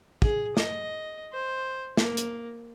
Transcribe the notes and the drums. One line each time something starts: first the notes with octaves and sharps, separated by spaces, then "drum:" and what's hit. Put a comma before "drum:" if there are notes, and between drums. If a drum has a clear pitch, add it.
G#4, drum: kick
D#5, drum: snare
C5
A#3, drum: snare
drum: hi-hat